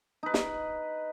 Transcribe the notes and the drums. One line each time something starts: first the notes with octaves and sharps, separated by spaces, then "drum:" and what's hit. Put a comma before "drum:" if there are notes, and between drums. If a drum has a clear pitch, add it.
D#4 B4
drum: snare